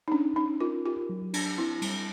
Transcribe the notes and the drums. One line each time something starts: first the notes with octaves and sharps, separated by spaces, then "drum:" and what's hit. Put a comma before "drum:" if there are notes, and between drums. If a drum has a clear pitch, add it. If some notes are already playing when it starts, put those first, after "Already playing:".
D#4
C#4 D4
C#4 D#4
F4 A#4
F4 G4
F#3
D4, drum: cymbal
C4 E4
G3, drum: cymbal